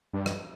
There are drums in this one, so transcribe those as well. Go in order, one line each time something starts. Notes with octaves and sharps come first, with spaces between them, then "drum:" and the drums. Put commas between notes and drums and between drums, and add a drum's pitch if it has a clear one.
G2
drum: rim click